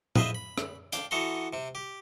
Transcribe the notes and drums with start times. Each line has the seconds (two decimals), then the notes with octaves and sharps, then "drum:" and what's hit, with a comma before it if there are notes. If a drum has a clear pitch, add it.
0.16 F4 G#4 B4 C5 D#5 E5, drum: tom A#2
0.35 B5
0.58 drum: rim click
0.93 D4 F5 G5, drum: hi-hat
1.11 E3 B3 F#4 A4 A#5 C6
1.53 C3 C4
1.75 G4